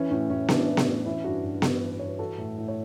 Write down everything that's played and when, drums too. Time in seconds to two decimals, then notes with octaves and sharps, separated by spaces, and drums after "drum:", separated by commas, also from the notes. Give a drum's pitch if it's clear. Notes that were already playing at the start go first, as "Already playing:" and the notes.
Already playing: E3 C#4
0.11 A2 C#4
0.30 A2 C#4
0.48 E3 D4, drum: snare B3
0.67 E3
0.77 drum: snare B3
0.86 A2
1.06 E3 C#4 E4
1.24 G2 D4 F#4
1.43 G2
1.62 E3, drum: snare B3
1.81 E3
1.99 G2 C#5
2.09 B4
2.19 E3 F#4 A4
2.38 A2
2.57 A2
2.68 C#5